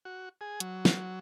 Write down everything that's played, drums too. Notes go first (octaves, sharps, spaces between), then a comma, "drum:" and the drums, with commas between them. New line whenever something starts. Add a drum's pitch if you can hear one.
F#4
G#4
F#3, drum: hi-hat
drum: snare